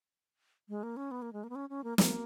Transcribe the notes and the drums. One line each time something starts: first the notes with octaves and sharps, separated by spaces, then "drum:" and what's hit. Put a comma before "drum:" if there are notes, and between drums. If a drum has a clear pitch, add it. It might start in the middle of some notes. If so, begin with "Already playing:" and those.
G#3
A#3
C#4
B3
A#3
G#3
A#3
B3
C#4
C#4
A#3
A#3, drum: snare